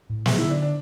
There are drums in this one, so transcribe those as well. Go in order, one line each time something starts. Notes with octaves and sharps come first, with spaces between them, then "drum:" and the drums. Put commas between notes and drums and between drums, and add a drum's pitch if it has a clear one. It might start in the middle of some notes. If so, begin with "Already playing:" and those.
A2
F#3 G#3, drum: snare
D3 E4
D4
D4